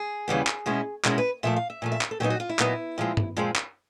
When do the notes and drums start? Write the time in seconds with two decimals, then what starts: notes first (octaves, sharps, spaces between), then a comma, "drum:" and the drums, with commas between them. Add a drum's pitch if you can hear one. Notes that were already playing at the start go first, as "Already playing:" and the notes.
Already playing: G#4
0.28 D#2 C#3 E3 G3 B3
0.47 drum: clap
0.66 B2 G#3 C#4 E4
1.05 B2 G#3 C#4 E4 A#4, drum: clap
1.18 B4
1.43 A#2 F3 A3 E5
1.56 F5
1.70 E5
1.82 A#2 F3 A3
1.92 E5
2.01 drum: clap
2.11 A4
2.20 A#2 F#3 B3 D#4 G4
2.30 F#4
2.40 F4
2.49 E4
2.59 A#2 F#3 B3 D#4, drum: clap
2.98 A#2 F3 G#3 C4
3.17 drum: tom G2
3.37 A#2 F3 G#3 C4
3.56 drum: clap